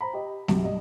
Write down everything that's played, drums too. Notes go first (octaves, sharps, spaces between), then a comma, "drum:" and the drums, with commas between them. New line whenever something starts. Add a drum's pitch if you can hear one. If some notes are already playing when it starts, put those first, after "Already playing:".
C5 A#5 B5
G4 D#5
B1 F#2 C3, drum: snare A3
G2 D#5